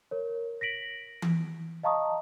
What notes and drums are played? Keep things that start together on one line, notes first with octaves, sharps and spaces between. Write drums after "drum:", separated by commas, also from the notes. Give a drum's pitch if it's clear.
A#4 C#5
A#6 B6 D7 F#7
drum: tom E3
D#5 F5 A5 A#5 C#6 D#6